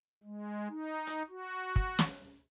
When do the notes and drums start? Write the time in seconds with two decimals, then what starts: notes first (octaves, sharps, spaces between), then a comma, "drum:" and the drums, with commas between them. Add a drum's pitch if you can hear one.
0.23 G#3
0.69 D#4
1.07 drum: hi-hat
1.30 F#4
1.76 drum: kick
1.99 drum: snare